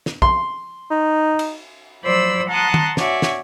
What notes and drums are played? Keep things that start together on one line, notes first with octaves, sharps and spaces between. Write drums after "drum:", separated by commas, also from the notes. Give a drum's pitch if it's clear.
drum: snare
C6, drum: kick
D#4
drum: cymbal
F3 F#3 C5 D5 B5 E6
F#5 A5 A#5 C6 D#6 F#6
drum: tom D#3
F#4 C#5 D5 E5 G#5, drum: snare
drum: snare